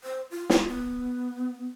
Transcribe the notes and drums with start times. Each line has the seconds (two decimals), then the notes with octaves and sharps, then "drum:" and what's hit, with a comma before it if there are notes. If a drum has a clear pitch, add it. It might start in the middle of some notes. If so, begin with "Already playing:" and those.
0.04 C5
0.31 F4
0.50 drum: snare
0.68 B3